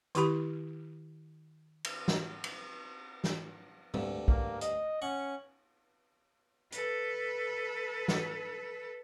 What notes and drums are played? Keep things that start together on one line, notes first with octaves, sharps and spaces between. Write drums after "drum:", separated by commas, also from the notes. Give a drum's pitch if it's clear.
D#3 E4 G4 B5, drum: hi-hat
drum: cymbal
drum: snare
drum: cymbal
drum: snare
D2 G2 D3, drum: tom A#2
A#3, drum: kick
D#5, drum: hi-hat
C#4 F#5 C#6
A4 B4, drum: hi-hat
drum: snare